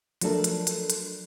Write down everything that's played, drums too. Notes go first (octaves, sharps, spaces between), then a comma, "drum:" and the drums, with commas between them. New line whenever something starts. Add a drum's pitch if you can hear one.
F3 F#3 A3 D4 A4 A#4, drum: hi-hat
drum: hi-hat
drum: hi-hat
drum: hi-hat